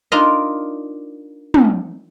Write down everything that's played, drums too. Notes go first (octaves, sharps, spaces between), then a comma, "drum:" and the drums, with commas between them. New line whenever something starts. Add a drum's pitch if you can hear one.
D4 D#4 F4 A#4 D#5
drum: tom